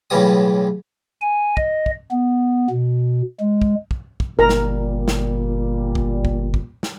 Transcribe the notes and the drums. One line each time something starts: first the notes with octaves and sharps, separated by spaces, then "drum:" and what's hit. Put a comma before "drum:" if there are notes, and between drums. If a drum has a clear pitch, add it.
B1 A2 C#3 E3 G3 D#6
G#5
D#5, drum: kick
drum: kick
B3
B2
G#3
drum: kick
drum: kick
drum: kick
G1 A#2 G3 A#4 A#5
drum: snare
drum: snare
drum: kick
drum: kick
drum: kick
drum: snare